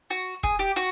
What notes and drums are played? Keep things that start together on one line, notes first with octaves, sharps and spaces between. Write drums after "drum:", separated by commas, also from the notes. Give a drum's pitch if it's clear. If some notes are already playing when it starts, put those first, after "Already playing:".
F#4
G#4, drum: kick
G4
F#4